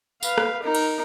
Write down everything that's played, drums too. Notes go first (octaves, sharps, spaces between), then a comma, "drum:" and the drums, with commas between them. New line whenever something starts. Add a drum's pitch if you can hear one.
B4 F5, drum: tambourine
drum: rim click
D#4 A#4
drum: cymbal